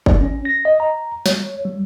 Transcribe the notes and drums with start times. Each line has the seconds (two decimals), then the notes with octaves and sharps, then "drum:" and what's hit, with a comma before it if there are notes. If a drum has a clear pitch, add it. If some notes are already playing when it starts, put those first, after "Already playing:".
0.06 D5, drum: kick G1
0.21 C#4
0.45 A#6
0.65 D#5
0.80 A#5
1.26 C#5, drum: snare
1.65 G3